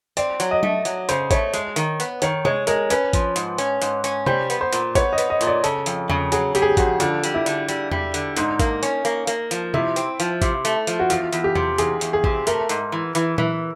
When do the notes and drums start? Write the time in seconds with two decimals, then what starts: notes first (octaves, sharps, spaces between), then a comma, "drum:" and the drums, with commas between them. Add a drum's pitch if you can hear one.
0.17 C4 D5, drum: hi-hat
0.40 F#3, drum: hi-hat
0.51 D#5
0.63 A3, drum: tom F#3
0.85 F#3, drum: hi-hat
1.09 C#3 C5, drum: hi-hat
1.31 A3 C#5, drum: kick A1, hi-hat
1.54 G#3, drum: hi-hat
1.76 D#3, drum: hi-hat
2.00 B3, drum: hi-hat
2.22 D#3 C#5, drum: hi-hat
2.45 G#3 C#5, drum: tom C3
2.67 G#3 A#4, drum: hi-hat
2.90 C#4 B4, drum: hi-hat
3.13 F3, drum: kick A1, hi-hat
3.36 G#2, drum: hi-hat
3.58 C#4, drum: hi-hat
3.82 G#2, drum: hi-hat
4.04 C#4, drum: hi-hat
4.26 G3 C5, drum: tom C3
4.50 B3, drum: hi-hat
4.61 C5
4.73 A#2, drum: hi-hat
4.95 B3 C#5, drum: kick A1, hi-hat
5.13 D#5
5.18 B3, drum: hi-hat
5.30 D#5
5.41 A#2, drum: hi-hat
5.47 D5
5.64 C#3 A4, drum: hi-hat
5.86 F2, drum: hi-hat
6.10 C#3, drum: tom E2
6.32 F#3 G#4, drum: hi-hat
6.55 C#3 G4, drum: hi-hat
6.62 G#4
6.69 G4
6.77 F2 F#4, drum: kick A1, hi-hat
7.00 D3 F4, drum: hi-hat
7.24 G3, drum: hi-hat
7.34 E4
7.46 D3, drum: hi-hat
7.69 G3, drum: hi-hat
7.91 G3, drum: tom E2
8.14 D3, drum: hi-hat
8.36 G#2 D#4, drum: hi-hat
8.59 A#3, drum: kick A1, hi-hat
8.83 C#4, drum: hi-hat
9.05 A#3, drum: hi-hat
9.27 A#3, drum: hi-hat
9.51 F3, drum: hi-hat
9.74 C3 E4, drum: tom C3
9.96 C4, drum: hi-hat
10.20 F3, drum: hi-hat
10.42 C3, drum: kick A1, hi-hat
10.65 A3, drum: hi-hat
10.87 F3, drum: hi-hat
11.00 F#4
11.10 E2 F4, drum: hi-hat
11.33 E2, drum: hi-hat
11.44 G4
11.55 C3, drum: tom E2
11.78 E2 G#4, drum: hi-hat
12.01 E2, drum: hi-hat
12.13 G#4
12.24 C3, drum: kick A1
12.47 A3 A#4, drum: hi-hat
12.69 G#2, drum: hi-hat
12.92 E3
13.15 E3, drum: hi-hat
13.38 E3, drum: tom A#2